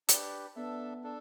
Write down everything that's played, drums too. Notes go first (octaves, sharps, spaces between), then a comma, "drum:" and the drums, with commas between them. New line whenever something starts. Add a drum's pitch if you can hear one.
D4 G4 B4 D5, drum: hi-hat
B3 D4 A4 E5
D4 A4